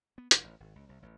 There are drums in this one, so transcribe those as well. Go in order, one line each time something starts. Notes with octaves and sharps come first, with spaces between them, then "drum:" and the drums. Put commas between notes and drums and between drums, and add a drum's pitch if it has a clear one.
B3
F1, drum: hi-hat
A1
G#1
C#2
C2
A1